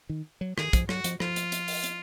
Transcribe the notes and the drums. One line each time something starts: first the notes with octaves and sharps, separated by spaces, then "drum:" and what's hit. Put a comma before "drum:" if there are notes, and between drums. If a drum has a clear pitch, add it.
D#3
F#3
D#3 G#4, drum: rim click
F3, drum: kick, hi-hat
F#3 F#4, drum: rim click
F3, drum: hi-hat
F3 F4, drum: rim click
drum: hi-hat
drum: hi-hat
drum: open hi-hat
drum: hi-hat